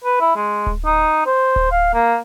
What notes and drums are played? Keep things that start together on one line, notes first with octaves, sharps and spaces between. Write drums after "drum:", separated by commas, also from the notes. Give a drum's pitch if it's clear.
B4
E4
G#3
drum: kick D1
D#4
C5
drum: kick D1
F5
A#3